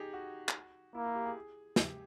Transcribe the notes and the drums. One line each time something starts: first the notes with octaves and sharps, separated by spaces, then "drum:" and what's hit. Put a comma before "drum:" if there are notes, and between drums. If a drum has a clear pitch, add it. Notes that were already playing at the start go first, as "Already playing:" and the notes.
Already playing: D#4 G4 G#4
F#4
drum: clap
A#3 E4
E4
G4
G#4
G4, drum: snare